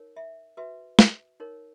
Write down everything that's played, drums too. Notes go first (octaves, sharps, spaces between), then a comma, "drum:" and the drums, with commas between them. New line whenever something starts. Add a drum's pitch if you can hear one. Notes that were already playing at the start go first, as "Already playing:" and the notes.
Already playing: D#4 A#4 C#5
E5
F#4 B4 E5
drum: snare
D#4 A#4 C#5